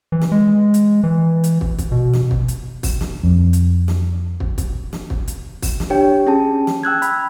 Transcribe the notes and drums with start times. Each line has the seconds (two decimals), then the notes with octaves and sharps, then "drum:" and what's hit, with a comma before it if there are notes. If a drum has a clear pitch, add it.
0.12 E3
0.21 drum: snare
0.32 G#3
0.74 drum: hi-hat
1.04 E3
1.44 drum: hi-hat
1.61 drum: kick
1.78 drum: kick, hi-hat
1.92 B2
2.13 drum: snare
2.31 drum: kick
2.48 drum: hi-hat
2.83 drum: kick, open hi-hat
3.01 drum: snare
3.23 F2
3.53 drum: hi-hat
3.88 drum: snare
4.40 drum: kick
4.58 drum: kick, hi-hat
4.93 drum: snare
5.10 drum: kick
5.28 drum: hi-hat
5.62 drum: kick, open hi-hat
5.80 drum: snare
5.90 D4 G4 C#5 G5
6.27 C#4 G#4 A5
6.67 drum: snare
6.83 G5 E6 F#6 G#6
7.02 B5, drum: hi-hat